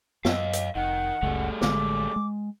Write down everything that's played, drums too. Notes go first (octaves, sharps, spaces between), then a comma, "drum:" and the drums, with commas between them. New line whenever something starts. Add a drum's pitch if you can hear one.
F#2 D#5 F5, drum: snare
drum: hi-hat
F1 D#3 F#5
F#1 C#2 C#3 G3 A3
A1 D3 G#3 D6, drum: snare
G#3